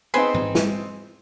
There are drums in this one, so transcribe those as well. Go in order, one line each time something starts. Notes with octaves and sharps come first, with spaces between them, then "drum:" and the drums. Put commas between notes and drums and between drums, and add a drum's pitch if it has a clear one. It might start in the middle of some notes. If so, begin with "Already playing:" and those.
B3 C4 D#4 G#4 B4 C5
drum: tom G#2
drum: snare